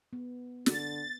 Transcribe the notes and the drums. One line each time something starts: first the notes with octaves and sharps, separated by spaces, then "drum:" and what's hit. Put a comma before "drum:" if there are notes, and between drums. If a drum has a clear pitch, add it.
B3
D3 A6, drum: snare